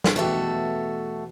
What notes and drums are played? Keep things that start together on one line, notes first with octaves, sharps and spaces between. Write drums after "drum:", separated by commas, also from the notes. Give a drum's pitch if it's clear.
drum: snare
E2 B2 A3 F#4 G4 A4